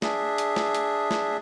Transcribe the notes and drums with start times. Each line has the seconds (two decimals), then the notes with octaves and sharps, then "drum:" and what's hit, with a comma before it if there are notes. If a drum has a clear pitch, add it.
0.02 D4 G#4 E5, drum: snare
0.38 drum: hi-hat
0.56 drum: snare
0.75 drum: hi-hat
1.11 drum: snare